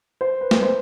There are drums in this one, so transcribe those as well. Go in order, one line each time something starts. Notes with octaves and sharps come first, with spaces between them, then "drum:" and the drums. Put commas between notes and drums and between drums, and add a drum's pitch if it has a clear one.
C5
B4
drum: snare
C5